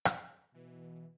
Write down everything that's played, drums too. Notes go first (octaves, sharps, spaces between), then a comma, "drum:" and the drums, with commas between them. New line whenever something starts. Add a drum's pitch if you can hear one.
drum: rim click
B2 E3